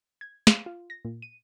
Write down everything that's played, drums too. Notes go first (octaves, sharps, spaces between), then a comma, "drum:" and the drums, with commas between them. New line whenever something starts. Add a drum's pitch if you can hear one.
G#6
F5, drum: snare
F4
A#6
A#2
D#7